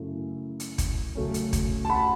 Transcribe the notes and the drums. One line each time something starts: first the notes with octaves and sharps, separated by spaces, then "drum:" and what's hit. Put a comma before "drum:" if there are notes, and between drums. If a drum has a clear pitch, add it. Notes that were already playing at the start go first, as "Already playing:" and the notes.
Already playing: F#2 C#3 A3 E4
drum: hi-hat
drum: kick, hi-hat
C#3 F#3 A3 C#4
drum: hi-hat
drum: kick, hi-hat
A5
F#5 B5